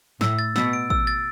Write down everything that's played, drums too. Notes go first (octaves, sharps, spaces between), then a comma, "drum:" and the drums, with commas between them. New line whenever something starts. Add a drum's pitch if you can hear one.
A2 E6, drum: snare
A6
B2 E6, drum: snare
D7
E6, drum: kick
A6